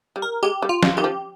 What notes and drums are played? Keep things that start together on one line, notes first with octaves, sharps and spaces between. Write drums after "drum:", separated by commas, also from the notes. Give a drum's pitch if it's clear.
G3
A#4
G#3 G4
G3
F4
G3, drum: snare
D#3 G4
F3